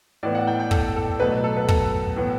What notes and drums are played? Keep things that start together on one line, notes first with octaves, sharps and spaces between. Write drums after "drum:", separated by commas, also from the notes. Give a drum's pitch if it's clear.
A2 E3 B3 D5
F#5
G5
G5
A4, drum: kick
A4
B2 F#3 A3 B4
A4
B4
A4, drum: kick
A2 E3 B3